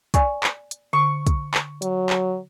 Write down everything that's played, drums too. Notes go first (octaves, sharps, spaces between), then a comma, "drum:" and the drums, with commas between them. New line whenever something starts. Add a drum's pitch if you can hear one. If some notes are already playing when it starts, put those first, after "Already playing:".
D5 G#5 C#6, drum: kick, hi-hat
drum: clap
drum: hi-hat
D3 C#6
drum: kick, hi-hat
drum: clap
F#3, drum: hi-hat
drum: clap